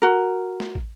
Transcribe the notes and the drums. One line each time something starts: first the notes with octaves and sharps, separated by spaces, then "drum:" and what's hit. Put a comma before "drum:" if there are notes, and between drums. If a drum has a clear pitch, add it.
F#4 A#4
drum: snare
drum: kick